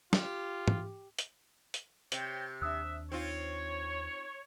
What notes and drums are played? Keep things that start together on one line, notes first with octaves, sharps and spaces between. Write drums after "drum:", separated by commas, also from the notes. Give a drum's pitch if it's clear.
F4 G4, drum: snare
drum: tom
drum: hi-hat
drum: hi-hat
C3 C#5 G5, drum: hi-hat
D#2 D4 E5 D#6 E6 F#6
C4 D#4 F4 C#5